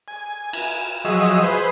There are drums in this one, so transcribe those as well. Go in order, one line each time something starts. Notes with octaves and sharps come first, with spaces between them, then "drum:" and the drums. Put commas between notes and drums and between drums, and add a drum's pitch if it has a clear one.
G#5
drum: cymbal
F3 F#3 G#4 D#5 E5
G#4 B4 C5